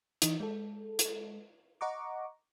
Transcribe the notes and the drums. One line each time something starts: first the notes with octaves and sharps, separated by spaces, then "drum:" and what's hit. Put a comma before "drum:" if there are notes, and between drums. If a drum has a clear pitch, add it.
E3 D#4, drum: hi-hat
G#3 A4
drum: hi-hat
D#5 F#5 A#5 C#6 D6